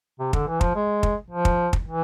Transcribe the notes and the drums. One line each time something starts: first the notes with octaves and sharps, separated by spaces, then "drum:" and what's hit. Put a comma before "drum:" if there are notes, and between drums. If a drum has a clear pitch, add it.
C3
D3, drum: kick
E3
F3, drum: kick
G#3
drum: kick
F3
drum: kick
drum: kick
E3